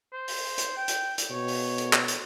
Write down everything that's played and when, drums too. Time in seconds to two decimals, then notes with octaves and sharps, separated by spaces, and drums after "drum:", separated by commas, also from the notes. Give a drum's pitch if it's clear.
0.13 C5
0.28 drum: open hi-hat
0.58 drum: hi-hat
0.76 G5
0.88 drum: hi-hat
1.18 drum: hi-hat
1.31 B2 C#5
1.48 drum: open hi-hat
1.78 drum: hi-hat
1.93 drum: clap
2.08 drum: hi-hat